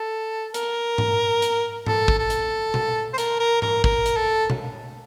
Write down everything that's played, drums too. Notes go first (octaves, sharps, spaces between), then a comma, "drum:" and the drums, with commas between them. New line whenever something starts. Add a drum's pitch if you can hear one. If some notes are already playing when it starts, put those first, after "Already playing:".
Already playing: A4
A#4, drum: hi-hat
drum: tom G#2
drum: hi-hat
A4, drum: tom G#2
drum: kick
A4
drum: hi-hat
drum: tom B2
C5
A#4, drum: hi-hat
A#4
A#4, drum: tom G#2
A#4, drum: kick
drum: hi-hat
A4
drum: tom B2